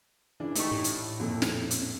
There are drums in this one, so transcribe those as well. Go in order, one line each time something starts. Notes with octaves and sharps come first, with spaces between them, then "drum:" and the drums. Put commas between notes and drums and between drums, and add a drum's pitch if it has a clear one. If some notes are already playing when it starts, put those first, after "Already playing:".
C#3 E3 D4
A3 D#4 G4 C#6, drum: hi-hat
A2
drum: hi-hat
F2 A#2 A4
drum: snare
drum: hi-hat